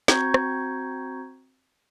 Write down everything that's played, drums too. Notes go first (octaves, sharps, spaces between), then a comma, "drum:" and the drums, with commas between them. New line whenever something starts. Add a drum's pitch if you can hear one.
C4 F#4 A#5 C#6 G6 G#6, drum: snare
drum: rim click